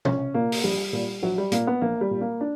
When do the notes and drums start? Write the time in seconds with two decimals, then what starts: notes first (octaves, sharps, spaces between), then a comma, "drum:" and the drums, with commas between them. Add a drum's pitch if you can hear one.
0.05 A#1 C#4, drum: tom B2
0.34 A#2 A#3
0.52 drum: open hi-hat
0.64 A#1 G3
0.93 A#2 G3
1.23 A#1 F#3
1.38 G3
1.52 A#2 A#3, drum: hi-hat
1.67 B3
1.81 A#1 A#3
2.01 G3
2.11 A#2
2.21 A#3
2.41 D4